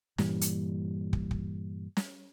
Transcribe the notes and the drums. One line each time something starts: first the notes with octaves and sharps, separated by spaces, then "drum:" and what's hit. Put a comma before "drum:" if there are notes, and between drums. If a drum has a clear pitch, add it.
G2 A#2 E3 G3, drum: snare
drum: hi-hat
drum: kick
drum: kick
drum: snare